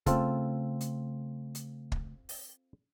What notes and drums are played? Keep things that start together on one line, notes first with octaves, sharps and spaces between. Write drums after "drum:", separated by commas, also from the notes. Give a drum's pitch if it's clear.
C#3 A3 C4 F4 A4, drum: kick, hi-hat
drum: hi-hat
drum: hi-hat
drum: kick
drum: open hi-hat